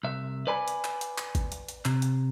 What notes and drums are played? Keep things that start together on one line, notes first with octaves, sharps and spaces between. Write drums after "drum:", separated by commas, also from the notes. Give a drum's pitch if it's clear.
C2 E5
B4 D5 G#5 B5
drum: hi-hat
drum: clap
drum: hi-hat
drum: clap
drum: kick G#1, hi-hat
drum: hi-hat
drum: hi-hat
C3, drum: clap
drum: hi-hat